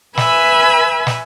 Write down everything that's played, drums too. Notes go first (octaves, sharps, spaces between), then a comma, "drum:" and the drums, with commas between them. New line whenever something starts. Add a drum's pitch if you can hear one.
B4 E5 G#5 B5 E6, drum: snare
drum: snare